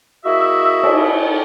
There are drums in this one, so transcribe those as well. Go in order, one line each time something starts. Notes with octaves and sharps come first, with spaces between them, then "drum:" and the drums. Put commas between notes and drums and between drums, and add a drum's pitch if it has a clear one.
A#3 E4 F#4 G#4 D#5 E5
drum: cymbal